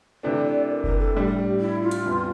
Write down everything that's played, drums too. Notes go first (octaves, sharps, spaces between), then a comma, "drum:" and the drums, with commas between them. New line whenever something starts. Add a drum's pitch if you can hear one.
C3 E3 A3 D4
D5
A#4
A#4, drum: kick F#1
A4
A2 G3 D4 G4 A4
E4
F4
drum: hi-hat
E2 C3 E3 G3